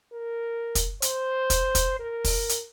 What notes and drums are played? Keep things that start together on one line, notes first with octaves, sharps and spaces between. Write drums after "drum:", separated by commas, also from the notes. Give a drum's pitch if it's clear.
A#4
drum: kick, hi-hat
C5, drum: hi-hat
drum: kick, hi-hat
drum: kick, hi-hat
A#4
drum: kick, open hi-hat
drum: hi-hat